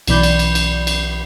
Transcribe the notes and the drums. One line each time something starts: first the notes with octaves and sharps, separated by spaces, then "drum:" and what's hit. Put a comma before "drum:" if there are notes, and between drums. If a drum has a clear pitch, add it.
B1 B2 E3 D5 B5 G6, drum: cymbal
drum: cymbal
drum: cymbal
drum: cymbal
drum: cymbal